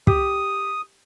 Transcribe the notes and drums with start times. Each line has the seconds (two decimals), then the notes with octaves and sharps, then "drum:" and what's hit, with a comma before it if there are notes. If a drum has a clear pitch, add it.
0.07 G4 D#6, drum: kick